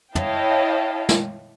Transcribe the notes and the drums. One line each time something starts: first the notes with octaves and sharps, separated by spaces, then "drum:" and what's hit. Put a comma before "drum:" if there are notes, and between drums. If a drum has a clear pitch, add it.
E4 C#5 D#5 F5 G5 A5, drum: tom
drum: snare